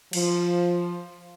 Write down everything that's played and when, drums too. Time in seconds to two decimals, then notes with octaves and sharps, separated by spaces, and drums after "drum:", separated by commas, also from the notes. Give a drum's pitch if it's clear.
0.13 F3, drum: cymbal